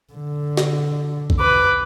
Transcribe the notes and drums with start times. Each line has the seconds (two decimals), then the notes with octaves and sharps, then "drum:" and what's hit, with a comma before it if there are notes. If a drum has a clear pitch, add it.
0.13 D3
0.57 drum: snare
1.30 drum: kick
1.39 B4 D6